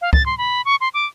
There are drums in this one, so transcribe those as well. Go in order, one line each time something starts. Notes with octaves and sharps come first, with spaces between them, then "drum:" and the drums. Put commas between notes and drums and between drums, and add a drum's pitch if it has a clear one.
F5
A6, drum: kick
C6
B5
C#6
C6
D6